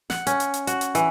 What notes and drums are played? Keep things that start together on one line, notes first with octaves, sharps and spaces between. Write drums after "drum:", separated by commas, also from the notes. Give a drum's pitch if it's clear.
F#5, drum: snare
C#4, drum: hi-hat
drum: hi-hat
drum: hi-hat
F#4, drum: hi-hat
drum: hi-hat
E3, drum: hi-hat